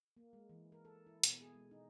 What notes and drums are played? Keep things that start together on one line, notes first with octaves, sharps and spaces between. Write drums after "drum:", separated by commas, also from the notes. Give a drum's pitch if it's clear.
A#3
G#3
E3
A#4
A4
E4
B2, drum: hi-hat
G#4
G#3
D#4